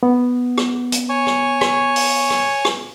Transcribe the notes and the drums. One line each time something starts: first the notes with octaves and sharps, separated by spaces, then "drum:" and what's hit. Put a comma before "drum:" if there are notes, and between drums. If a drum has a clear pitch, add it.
B3
drum: rim click
drum: hi-hat
C#5 G#5 C#6
drum: rim click
drum: rim click
drum: open hi-hat
drum: rim click
drum: rim click